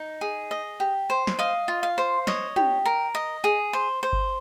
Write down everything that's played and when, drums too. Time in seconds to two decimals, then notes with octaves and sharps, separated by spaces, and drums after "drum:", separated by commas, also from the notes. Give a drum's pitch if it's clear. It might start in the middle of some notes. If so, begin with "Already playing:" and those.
Already playing: D#4
0.21 G#4
0.51 D#5
0.80 G4
1.10 C5
1.27 drum: snare
1.39 D#5 F5
1.68 F4
1.83 F5
1.98 C5
2.27 C#5 D#5, drum: snare
2.56 G4, drum: tom
2.86 A#4
3.15 D#5
3.44 G#4
3.73 C5
4.03 C5
4.13 drum: kick G1